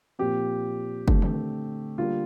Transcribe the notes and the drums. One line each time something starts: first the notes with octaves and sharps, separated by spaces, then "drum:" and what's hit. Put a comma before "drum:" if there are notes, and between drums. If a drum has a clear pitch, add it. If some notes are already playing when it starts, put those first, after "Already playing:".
A#2 F3 C4 G4
D3 A3 C4, drum: kick F#1
drum: tom D#3
D3 G3 A#3 F4